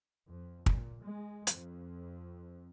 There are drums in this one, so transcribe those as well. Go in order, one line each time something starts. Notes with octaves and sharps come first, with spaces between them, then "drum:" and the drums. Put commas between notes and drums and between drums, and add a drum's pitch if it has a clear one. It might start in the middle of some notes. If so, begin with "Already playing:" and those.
F2
A#2, drum: kick
G#3
F2, drum: hi-hat